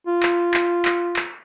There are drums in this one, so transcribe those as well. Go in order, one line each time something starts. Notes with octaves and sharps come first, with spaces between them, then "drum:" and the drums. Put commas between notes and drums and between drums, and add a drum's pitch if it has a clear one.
F4
drum: clap
drum: clap
drum: clap
drum: clap